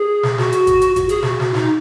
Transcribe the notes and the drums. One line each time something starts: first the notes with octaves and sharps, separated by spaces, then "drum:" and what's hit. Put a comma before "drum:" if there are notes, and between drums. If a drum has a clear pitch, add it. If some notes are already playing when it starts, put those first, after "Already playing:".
Already playing: G#4
drum: snare
F#4, drum: snare
drum: hi-hat
drum: kick G#1, hi-hat
drum: hi-hat
F#4, drum: kick G#1, hi-hat
G#4, drum: hi-hat
F#4, drum: snare
drum: snare
D#4, drum: snare